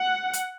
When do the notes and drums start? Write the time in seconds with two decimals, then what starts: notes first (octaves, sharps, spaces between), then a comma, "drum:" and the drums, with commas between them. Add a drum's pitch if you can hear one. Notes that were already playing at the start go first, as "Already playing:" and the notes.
Already playing: F#5
0.33 drum: hi-hat